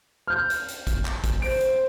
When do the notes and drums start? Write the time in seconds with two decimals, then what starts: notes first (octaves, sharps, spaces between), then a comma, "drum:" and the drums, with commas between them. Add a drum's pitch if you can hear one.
0.27 F6 G6
0.50 drum: hi-hat
0.68 drum: hi-hat
0.87 drum: kick, hi-hat
1.05 drum: clap
1.24 drum: kick, hi-hat
1.42 C5 D7, drum: open hi-hat
1.61 drum: hi-hat